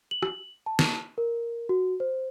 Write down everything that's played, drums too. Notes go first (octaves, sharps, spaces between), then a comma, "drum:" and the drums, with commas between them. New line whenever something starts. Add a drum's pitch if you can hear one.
F#7
drum: rim click
A5
drum: snare
A#4
F#4
C5